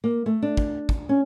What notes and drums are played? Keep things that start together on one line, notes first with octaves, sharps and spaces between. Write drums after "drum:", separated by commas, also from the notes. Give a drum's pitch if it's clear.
A#3
A3
D4
drum: kick
drum: kick
C#4